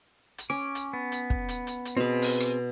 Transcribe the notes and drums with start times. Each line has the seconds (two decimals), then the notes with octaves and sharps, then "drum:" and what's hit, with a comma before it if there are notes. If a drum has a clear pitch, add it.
0.38 drum: hi-hat
0.50 C#4 D6
0.75 drum: hi-hat
0.93 B3
1.12 drum: hi-hat
1.30 drum: kick
1.49 drum: hi-hat
1.67 drum: hi-hat
1.85 drum: hi-hat
1.97 B2 C4 G#4 B4
2.22 drum: open hi-hat
2.40 drum: rim click